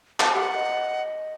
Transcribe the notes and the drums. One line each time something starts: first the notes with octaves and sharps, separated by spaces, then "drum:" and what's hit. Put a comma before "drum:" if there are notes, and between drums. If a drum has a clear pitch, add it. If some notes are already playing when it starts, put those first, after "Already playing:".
A5, drum: clap
G4 F#5
D#5